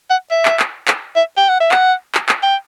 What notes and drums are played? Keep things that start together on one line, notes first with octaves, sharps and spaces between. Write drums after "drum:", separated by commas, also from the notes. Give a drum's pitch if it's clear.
F#5
E5
drum: clap
drum: clap
drum: clap
E5
G5
F#5
E5
F#5, drum: clap
drum: clap
drum: clap
G5